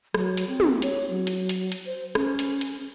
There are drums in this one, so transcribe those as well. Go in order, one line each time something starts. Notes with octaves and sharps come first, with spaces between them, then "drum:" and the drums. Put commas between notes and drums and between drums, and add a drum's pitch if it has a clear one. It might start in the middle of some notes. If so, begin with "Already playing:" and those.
F#3, drum: rim click
drum: hi-hat
C4
drum: tom
C#5, drum: hi-hat
F#3
drum: hi-hat
drum: hi-hat
drum: hi-hat
C5
C#4, drum: rim click
drum: hi-hat
drum: hi-hat